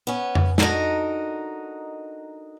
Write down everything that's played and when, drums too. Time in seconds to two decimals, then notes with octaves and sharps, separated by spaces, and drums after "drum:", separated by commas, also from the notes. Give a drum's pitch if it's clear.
0.07 B3 C#4
0.35 drum: tom F2
0.58 D4 D#4 F#4 A4 A#4 D#5, drum: snare